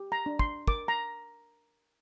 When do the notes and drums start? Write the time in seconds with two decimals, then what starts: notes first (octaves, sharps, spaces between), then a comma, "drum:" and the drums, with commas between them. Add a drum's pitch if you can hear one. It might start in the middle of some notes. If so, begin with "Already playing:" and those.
Already playing: G4
0.12 A#5
0.26 D4
0.39 C6, drum: kick
0.67 A#4 D6, drum: kick
0.88 A#5